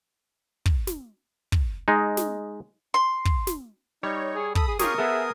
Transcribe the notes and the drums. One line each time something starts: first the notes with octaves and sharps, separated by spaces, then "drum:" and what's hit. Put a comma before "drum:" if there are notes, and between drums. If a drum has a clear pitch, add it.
drum: kick
drum: snare
drum: kick
G#3 D#4
drum: snare
C6
drum: kick
drum: snare
G3 D#4 C#5
G#4
A4 B5 D#6, drum: kick
G#4
C#4 F4 G4 G#4 A#4 C#6 D#6, drum: snare
B3 G#4 A4 E5